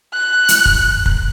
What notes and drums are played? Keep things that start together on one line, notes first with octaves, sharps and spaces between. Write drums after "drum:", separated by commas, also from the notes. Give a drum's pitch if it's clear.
F#6
drum: hi-hat
drum: kick
drum: kick